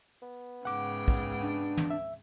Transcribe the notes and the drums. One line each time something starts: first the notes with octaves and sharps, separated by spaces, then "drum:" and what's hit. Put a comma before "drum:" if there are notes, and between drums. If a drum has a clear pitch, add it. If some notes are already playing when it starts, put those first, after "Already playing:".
B3
G#2 C#3 F#5 G5 D6
drum: kick
D4
drum: tom
E5